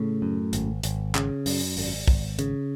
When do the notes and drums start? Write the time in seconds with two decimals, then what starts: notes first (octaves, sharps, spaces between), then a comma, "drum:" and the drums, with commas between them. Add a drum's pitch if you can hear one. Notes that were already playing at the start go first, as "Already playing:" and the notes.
Already playing: A2 C#3 A3
0.22 F#2
0.53 G#1, drum: hi-hat
0.83 G#1, drum: hi-hat
1.15 C#3, drum: clap
1.46 F#2, drum: open hi-hat
1.77 G#1, drum: open hi-hat
2.08 G#1, drum: kick
2.39 C#3, drum: hi-hat